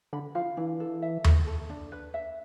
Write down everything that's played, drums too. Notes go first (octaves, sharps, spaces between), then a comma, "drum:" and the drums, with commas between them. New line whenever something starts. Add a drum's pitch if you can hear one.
D3 B5
F3 F5
E3 D4
A4
E5
A4, drum: tom D#2
A4
D4
B4
E5